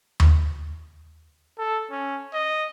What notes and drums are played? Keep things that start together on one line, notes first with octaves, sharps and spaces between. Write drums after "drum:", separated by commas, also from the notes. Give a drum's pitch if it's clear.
drum: tom D#2
A4
C#4
D#5